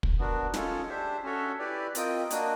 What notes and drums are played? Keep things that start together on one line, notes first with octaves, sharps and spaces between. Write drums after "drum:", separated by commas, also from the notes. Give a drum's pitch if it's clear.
drum: kick
B3 D4 F#4 A#4
G#3 C#4 F4 A4 C#5, drum: snare
D4 G4 C5 E5
C#4 F#4 A4 C#5 E5
E4 G4 B4 D5
C4 F4 A#4 D#5 G5, drum: hi-hat
A#3 D4 F#4 A#4 D#5, drum: hi-hat